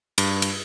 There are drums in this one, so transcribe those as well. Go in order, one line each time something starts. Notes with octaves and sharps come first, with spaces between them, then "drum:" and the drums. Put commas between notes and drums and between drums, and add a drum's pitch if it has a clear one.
G2, drum: cymbal
drum: cymbal